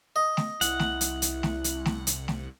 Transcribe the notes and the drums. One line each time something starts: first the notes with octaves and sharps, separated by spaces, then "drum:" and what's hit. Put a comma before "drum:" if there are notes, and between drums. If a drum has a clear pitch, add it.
D#5
drum: snare A3
C2 E4 F#5, drum: hi-hat
drum: snare A3
drum: hi-hat
drum: hi-hat
drum: snare A3
drum: hi-hat
drum: snare A3
drum: hi-hat
drum: snare A3